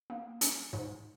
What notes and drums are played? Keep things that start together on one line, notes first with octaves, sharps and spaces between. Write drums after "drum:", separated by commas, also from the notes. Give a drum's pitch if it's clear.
A#3
C#4, drum: hi-hat
G#2